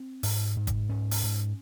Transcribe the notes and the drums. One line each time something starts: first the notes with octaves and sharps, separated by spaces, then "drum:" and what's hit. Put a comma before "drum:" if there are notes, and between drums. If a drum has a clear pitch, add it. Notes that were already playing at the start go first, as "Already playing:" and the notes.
Already playing: C4
G#2, drum: open hi-hat
G#2
drum: kick G1, hi-hat
G#2 C#4
drum: open hi-hat
G#2